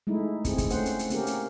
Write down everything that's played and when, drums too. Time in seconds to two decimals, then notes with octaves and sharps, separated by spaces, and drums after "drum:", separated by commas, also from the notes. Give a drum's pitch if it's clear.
0.07 G#3 A3 D#4 E4
0.45 C4 G#4, drum: kick, hi-hat
0.58 drum: kick, hi-hat
0.70 A3 C#4 C5 F#5, drum: hi-hat
0.86 drum: hi-hat
0.99 drum: hi-hat
1.10 A#3 C#4 G4 A#4, drum: hi-hat
1.27 drum: hi-hat